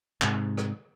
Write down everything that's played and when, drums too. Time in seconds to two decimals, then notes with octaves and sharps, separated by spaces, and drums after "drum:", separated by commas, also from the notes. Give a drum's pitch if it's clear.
0.22 G#2 C3, drum: clap
0.57 drum: rim click